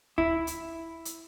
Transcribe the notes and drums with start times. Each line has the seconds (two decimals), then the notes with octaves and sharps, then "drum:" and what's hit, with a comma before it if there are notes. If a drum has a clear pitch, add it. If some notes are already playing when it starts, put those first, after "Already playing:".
0.18 E4, drum: kick D2
0.47 drum: hi-hat
1.05 drum: hi-hat